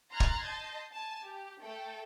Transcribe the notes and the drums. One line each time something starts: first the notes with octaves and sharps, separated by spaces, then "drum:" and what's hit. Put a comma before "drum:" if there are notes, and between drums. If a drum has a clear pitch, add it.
A#5 C6 F6 F#6 G#6 A6
drum: kick
D#5 A5 C6 G6
G#5 A5
G4
A3 A4 G5